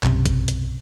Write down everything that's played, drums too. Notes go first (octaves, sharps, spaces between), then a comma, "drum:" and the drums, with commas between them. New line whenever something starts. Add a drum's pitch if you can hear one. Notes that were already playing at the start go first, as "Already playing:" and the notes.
B1 F#2 C3, drum: clap
drum: kick, hi-hat
drum: hi-hat